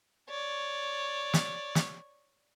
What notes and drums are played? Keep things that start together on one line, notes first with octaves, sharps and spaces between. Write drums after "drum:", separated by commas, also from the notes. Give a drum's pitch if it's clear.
C#5 D5
drum: snare
drum: snare